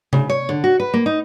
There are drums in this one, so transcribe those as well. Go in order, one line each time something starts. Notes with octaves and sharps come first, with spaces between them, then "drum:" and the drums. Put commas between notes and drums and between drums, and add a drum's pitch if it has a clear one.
C#3, drum: tom C3
C#5
D3
F#4
B4
A#3
D#4